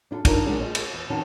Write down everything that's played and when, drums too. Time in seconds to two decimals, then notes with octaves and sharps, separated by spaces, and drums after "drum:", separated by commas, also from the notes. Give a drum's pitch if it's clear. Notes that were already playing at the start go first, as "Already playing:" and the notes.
0.11 D4 E4 F4 A4
0.25 D4 D#4 F4 A4 A#4, drum: kick, cymbal
0.45 C#3 F#3 G#3 C#4 D4 G#4
0.59 F4 G#4 A4 D#5
0.75 drum: cymbal
0.93 E2
1.10 F2 D#3 C#4 D#4 F#4 A5